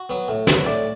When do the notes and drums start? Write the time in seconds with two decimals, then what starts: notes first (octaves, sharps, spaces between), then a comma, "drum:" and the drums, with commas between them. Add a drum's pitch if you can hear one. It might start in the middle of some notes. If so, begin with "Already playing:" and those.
Already playing: F#4
0.09 F#3 B3
0.28 A2
0.47 F#3 B3, drum: snare
0.66 A2 D5